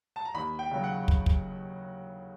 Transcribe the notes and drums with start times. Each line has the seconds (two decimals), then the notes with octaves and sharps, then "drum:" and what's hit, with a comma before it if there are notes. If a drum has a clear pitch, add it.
0.16 A5
0.25 A#5
0.34 D#2 B5
0.59 G5
0.71 C#3 F#3
0.84 F#5
1.08 drum: kick
1.26 drum: kick